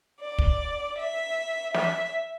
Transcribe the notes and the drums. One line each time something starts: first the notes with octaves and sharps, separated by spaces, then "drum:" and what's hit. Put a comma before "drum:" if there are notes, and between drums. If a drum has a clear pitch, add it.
D5
drum: kick
E5
E5, drum: snare